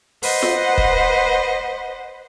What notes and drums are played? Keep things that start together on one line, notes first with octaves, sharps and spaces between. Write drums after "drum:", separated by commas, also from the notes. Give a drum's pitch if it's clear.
B4 C5 D#5 F#5, drum: open hi-hat
drum: snare F4
drum: kick